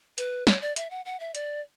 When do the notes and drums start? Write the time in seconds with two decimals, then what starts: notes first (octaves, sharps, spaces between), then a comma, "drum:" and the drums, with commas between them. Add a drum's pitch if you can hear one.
0.18 B4, drum: hi-hat
0.47 C#5, drum: snare
0.61 D5
0.76 E5, drum: hi-hat
0.91 F#5
1.05 F#5
1.20 E5
1.35 D5, drum: hi-hat